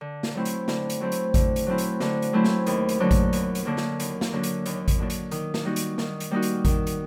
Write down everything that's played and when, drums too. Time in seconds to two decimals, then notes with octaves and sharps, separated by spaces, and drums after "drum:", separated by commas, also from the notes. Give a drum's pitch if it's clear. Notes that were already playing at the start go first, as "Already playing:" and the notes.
0.01 D3
0.23 drum: snare
0.34 F#3 A3 C4 E4
0.45 drum: hi-hat
0.68 D3, drum: snare
0.90 drum: hi-hat
1.00 F#3 A3 C4 E4
1.12 drum: hi-hat
1.34 D3, drum: kick A1, hi-hat
1.56 drum: hi-hat
1.67 F#3 A3 C4 E4
1.78 drum: hi-hat
2.00 D3, drum: snare
2.22 drum: hi-hat
2.33 F#3 A3 C4 E4
2.44 drum: snare
2.67 D#2, drum: hi-hat
2.89 drum: hi-hat
3.00 D3 F#3 A#3 D4
3.11 drum: kick A1, hi-hat
3.33 D#2, drum: hi-hat
3.55 drum: hi-hat
3.65 D3 F#3 A#3 D4
3.77 drum: snare
4.00 D#2, drum: hi-hat
4.21 drum: snare
4.32 D3 F#3 A#3 D4
4.43 drum: hi-hat
4.66 D#2, drum: hi-hat
4.88 drum: kick A1, hi-hat
4.99 D3 F#3 A#3 D4
5.10 drum: hi-hat
5.31 D#3, drum: hi-hat
5.54 drum: snare
5.65 G3 A#3 D#4 F#4
5.76 drum: hi-hat
5.98 D#3, drum: snare
6.20 drum: hi-hat
6.31 G3 A#3 D#4 F#4
6.42 drum: hi-hat
6.65 D#3, drum: kick A1, hi-hat
6.87 drum: hi-hat